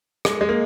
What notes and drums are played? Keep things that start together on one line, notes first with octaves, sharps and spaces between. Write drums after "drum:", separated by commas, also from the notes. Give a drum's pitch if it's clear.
G#3, drum: rim click
G#3
A#3